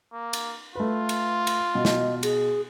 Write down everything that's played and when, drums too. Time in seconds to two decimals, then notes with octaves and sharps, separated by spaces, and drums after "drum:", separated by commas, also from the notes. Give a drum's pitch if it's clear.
0.13 A#3
0.33 drum: cymbal
0.75 A3 F4 B4
1.09 drum: cymbal
1.47 drum: cymbal
1.75 B2 D#5
1.85 drum: snare
2.23 G#4, drum: cymbal